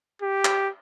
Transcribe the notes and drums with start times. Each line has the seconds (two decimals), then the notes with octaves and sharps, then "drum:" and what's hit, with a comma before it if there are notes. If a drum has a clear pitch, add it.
0.22 G4
0.45 drum: clap